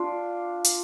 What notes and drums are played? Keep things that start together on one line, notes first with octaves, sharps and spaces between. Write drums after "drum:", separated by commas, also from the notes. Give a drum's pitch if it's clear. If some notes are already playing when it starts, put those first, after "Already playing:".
Already playing: D4 F4
drum: hi-hat